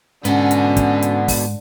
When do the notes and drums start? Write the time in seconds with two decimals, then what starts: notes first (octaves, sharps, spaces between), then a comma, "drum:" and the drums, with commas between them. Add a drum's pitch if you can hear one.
0.25 G#2 D3 B3 C#4 F#4, drum: hi-hat
0.51 drum: hi-hat
0.77 drum: kick, hi-hat
1.02 drum: hi-hat
1.28 drum: kick, open hi-hat